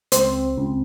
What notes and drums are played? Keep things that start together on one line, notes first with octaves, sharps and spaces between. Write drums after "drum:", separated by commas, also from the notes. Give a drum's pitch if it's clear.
C#2 C4, drum: hi-hat
C#2